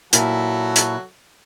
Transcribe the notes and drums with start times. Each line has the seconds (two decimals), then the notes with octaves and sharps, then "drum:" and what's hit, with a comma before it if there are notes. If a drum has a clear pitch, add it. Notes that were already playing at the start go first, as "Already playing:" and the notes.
0.13 A#2 F#3 E4 F#4 A4, drum: hi-hat
0.76 drum: hi-hat